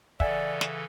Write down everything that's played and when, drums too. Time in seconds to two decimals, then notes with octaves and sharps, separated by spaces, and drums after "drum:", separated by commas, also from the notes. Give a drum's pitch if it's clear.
0.20 C#3 E3 A4 D5 E5 F#5 G#5, drum: kick
0.61 drum: snare